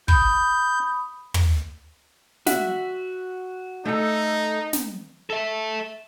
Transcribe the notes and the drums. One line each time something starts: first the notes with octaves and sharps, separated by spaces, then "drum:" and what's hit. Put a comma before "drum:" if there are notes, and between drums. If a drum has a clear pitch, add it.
B5 D#6 G6, drum: kick
drum: tom
F#4 E5, drum: snare
A3 D#4 A4
drum: snare
A4 E5